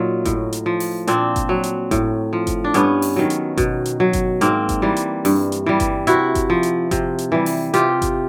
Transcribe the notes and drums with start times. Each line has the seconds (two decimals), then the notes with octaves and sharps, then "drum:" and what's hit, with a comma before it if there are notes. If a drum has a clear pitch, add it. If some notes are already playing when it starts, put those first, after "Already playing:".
Already playing: A#2 F#3 D#4 F4
0.25 A2, drum: kick G1, hi-hat
0.53 drum: hi-hat
0.66 F3
0.80 drum: open hi-hat
1.07 A#2 C4 D4, drum: hi-hat
1.36 drum: kick G1, hi-hat
1.49 F#3
1.63 drum: hi-hat
1.91 A2, drum: kick G1, hi-hat
2.33 F3
2.47 drum: kick G1, hi-hat
2.64 D4
2.74 G2 B3 C#4, drum: hi-hat
3.02 drum: open hi-hat
3.16 D#3 F#3
3.30 drum: hi-hat
3.57 B2, drum: kick G1, hi-hat
3.85 drum: hi-hat
4.00 F#3
4.13 drum: kick G1, hi-hat
4.41 G#2 A#3 C4, drum: hi-hat
4.69 drum: kick G1, hi-hat
4.82 E3 G3
4.96 drum: hi-hat
5.25 G2, drum: open hi-hat
5.52 drum: hi-hat
5.66 E3 G3
5.80 drum: kick G1, hi-hat
6.07 C3 E4 F#4, drum: hi-hat
6.35 drum: kick G1, hi-hat
6.50 F3
6.63 drum: hi-hat
6.91 C3, drum: kick G1, hi-hat
7.18 drum: hi-hat
7.32 E3 G3
7.46 drum: open hi-hat
7.74 C3 F4 G4, drum: hi-hat
8.02 drum: kick G1, hi-hat